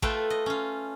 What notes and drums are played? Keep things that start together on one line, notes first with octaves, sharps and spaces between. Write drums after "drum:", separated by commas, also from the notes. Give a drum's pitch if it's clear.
A3 F4 B4 E5 G5, drum: kick A1
D#5
C#4 F4